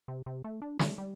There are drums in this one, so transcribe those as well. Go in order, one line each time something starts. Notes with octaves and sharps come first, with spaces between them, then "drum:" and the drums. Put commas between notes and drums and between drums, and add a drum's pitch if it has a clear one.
C3
C3
A3
D4
G3, drum: snare
G3